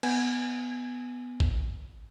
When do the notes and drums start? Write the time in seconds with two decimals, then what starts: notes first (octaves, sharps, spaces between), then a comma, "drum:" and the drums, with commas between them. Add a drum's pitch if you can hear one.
0.03 B3 G#5, drum: cymbal
1.40 drum: kick